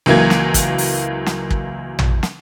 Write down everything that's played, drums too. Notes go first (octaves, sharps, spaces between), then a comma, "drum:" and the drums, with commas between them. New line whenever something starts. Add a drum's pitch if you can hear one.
C#2 E3 F#3 A#3 G#6
drum: snare
drum: kick, hi-hat
drum: open hi-hat
drum: snare
drum: kick
drum: tom
drum: snare